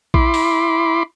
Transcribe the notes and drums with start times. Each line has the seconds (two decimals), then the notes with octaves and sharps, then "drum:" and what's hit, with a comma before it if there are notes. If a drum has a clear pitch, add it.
0.14 E4 B5 C6 D6, drum: kick A#1
0.34 drum: open hi-hat